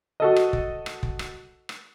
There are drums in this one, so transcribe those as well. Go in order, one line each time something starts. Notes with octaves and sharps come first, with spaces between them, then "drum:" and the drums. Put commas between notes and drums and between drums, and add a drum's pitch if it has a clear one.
F#4 A4 D#5
drum: rim click
drum: kick
drum: rim click
drum: kick
drum: rim click
drum: rim click